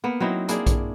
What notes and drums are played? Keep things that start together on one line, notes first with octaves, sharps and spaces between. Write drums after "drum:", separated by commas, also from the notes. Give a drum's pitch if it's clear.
A#3 B3
F#3 C4 D#4 E4
A#3 D4 E4 G#4, drum: hi-hat
drum: kick A#1, hi-hat